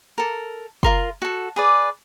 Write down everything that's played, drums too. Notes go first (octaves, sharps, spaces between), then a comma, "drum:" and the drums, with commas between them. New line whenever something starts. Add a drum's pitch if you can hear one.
A4 A#4
F4 A#4 C6, drum: kick
F#4 A4
G#4 B4 D5